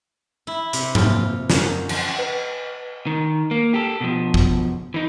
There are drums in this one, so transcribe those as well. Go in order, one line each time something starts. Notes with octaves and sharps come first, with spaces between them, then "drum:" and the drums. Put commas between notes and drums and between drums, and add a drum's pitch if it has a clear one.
E4
C3, drum: hi-hat
F4, drum: tom G#2
F#2, drum: snare
F3, drum: cymbal
B4
D#3
A#3
G4 A4
B2 F3
drum: kick G#1
E3 D#4